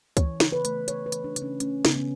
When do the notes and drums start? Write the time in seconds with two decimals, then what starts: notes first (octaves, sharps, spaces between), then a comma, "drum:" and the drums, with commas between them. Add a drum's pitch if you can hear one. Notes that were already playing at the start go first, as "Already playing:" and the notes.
0.17 E3 C#5, drum: kick C#2, hi-hat
0.40 C#3, drum: snare
0.52 B4
0.65 A3, drum: hi-hat
0.88 C#3 C#5, drum: hi-hat
1.06 B4
1.12 E3, drum: hi-hat
1.24 D4
1.36 C#3, drum: hi-hat
1.42 C#4
1.60 A3 C#4, drum: hi-hat
1.85 C#3 B3, drum: snare
1.96 C#4